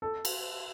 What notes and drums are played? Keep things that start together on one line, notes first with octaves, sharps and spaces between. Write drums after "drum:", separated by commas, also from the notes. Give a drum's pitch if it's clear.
A4
drum: cymbal